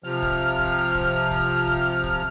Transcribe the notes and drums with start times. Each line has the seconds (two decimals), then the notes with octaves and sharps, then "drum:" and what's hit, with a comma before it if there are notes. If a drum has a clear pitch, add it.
0.04 C3 F3 F6, drum: hi-hat
0.22 drum: kick D1, hi-hat
0.41 drum: hi-hat
0.59 drum: kick D1, hi-hat
0.77 drum: hi-hat
0.95 drum: kick D1, hi-hat
1.31 drum: kick D1, hi-hat
1.49 drum: hi-hat
1.67 drum: kick D1, hi-hat
1.85 drum: hi-hat
2.04 drum: kick D1, hi-hat